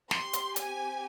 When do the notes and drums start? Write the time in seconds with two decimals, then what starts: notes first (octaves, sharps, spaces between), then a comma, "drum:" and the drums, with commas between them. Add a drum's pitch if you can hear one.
0.11 C4 G4 C6, drum: snare
0.33 drum: hi-hat
0.56 G#5, drum: hi-hat